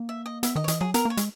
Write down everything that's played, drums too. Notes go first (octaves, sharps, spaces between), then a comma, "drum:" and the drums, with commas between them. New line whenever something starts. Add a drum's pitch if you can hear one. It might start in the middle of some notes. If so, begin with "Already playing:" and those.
Already playing: A#3
E5
D#5
B3 E5, drum: hi-hat
D#3 D#5
C#5
E3 D#5, drum: hi-hat
F#3 G#4
B3 A#4, drum: hi-hat
A#3 C#5
G#3, drum: hi-hat